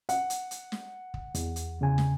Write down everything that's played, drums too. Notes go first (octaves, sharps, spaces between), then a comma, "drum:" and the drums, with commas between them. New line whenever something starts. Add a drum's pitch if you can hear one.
F#5, drum: hi-hat
drum: hi-hat
drum: hi-hat
drum: snare
drum: kick
E2, drum: hi-hat
drum: hi-hat
E2 C#3 G#5
drum: snare